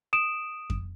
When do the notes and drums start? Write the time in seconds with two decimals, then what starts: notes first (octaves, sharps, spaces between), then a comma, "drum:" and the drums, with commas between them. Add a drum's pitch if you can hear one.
0.13 D#6 D7 E7
0.70 drum: kick F2